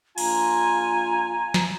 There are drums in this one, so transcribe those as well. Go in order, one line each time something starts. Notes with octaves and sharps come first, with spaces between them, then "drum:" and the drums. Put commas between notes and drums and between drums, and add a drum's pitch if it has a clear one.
A#1 F4 G#5 A#5, drum: cymbal
drum: snare